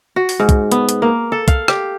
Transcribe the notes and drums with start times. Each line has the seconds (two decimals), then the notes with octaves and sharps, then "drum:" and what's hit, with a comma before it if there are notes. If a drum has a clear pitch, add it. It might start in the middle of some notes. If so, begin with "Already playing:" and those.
0.16 F#4
0.29 drum: open hi-hat
0.40 G#2
0.49 drum: kick, hi-hat
0.72 B3, drum: hi-hat
0.89 drum: hi-hat
1.02 A#3
1.32 A4
1.48 F5, drum: kick, hi-hat
1.68 G4, drum: rim click